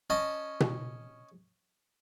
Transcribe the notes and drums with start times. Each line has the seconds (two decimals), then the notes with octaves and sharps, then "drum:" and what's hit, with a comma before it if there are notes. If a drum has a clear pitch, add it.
0.10 C#4 D#5 A5
0.60 drum: tom B2